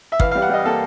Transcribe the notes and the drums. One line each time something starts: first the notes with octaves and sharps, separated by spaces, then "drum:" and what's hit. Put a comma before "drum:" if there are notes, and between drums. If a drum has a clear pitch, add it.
E5
E3 F5, drum: kick
F5
G3
F#5
G3 D#5
A#3 A4